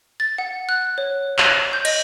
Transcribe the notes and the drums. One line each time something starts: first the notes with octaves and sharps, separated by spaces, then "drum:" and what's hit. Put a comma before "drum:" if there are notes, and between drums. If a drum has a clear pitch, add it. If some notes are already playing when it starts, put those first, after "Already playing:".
A6
F#5
F#6
C#5
drum: clap
G6
D#5, drum: cymbal